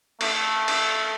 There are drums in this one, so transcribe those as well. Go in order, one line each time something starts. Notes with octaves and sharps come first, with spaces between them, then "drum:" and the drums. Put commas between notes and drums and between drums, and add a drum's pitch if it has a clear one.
A3, drum: cymbal
drum: cymbal